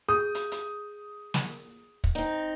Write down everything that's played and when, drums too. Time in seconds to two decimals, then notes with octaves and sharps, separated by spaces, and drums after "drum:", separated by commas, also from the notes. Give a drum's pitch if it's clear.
0.09 G#4 D#6 G6
0.35 drum: hi-hat
0.52 drum: hi-hat
1.34 drum: snare
2.04 drum: kick
2.15 C4 D#4